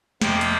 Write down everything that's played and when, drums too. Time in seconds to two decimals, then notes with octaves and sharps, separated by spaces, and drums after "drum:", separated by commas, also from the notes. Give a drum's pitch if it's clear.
0.21 F2 C3 F3 A#3 G5, drum: snare
0.41 drum: hi-hat